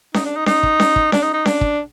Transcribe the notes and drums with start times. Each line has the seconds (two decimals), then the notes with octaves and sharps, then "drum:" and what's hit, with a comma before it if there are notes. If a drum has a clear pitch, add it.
0.14 D#4, drum: snare C#4
0.25 D4
0.36 D#4
0.46 D#4, drum: snare C#4
0.63 drum: kick
0.80 drum: snare C#4
0.96 drum: kick
1.12 D4, drum: snare C#4
1.23 D#4
1.34 D#4
1.46 D4, drum: snare C#4
1.61 drum: kick